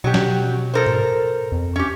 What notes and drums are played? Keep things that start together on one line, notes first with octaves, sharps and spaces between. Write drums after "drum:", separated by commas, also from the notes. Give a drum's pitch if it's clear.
B2 F#3 G4
drum: snare
A4 A#4 C5
drum: tom G#2
F2
C#4 G4